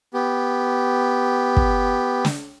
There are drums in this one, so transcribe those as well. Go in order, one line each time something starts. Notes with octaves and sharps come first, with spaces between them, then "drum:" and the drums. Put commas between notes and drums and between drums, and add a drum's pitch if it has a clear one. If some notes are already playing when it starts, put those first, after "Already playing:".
B3 G4
drum: kick
drum: snare